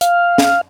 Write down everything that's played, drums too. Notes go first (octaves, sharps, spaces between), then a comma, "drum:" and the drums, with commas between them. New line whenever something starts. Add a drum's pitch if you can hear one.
F5, drum: hi-hat
drum: snare